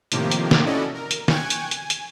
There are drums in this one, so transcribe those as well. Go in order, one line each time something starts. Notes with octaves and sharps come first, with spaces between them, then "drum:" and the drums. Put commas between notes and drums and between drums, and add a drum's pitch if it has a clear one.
A2 C3 D#3 F3 A#3 G4, drum: hi-hat
drum: hi-hat
drum: snare
C#4 E4 F#4 A4 D5 D#5
A#4
drum: hi-hat
G5 G#5 C#6 F#6 G#6, drum: snare
drum: hi-hat
G#5, drum: hi-hat
drum: hi-hat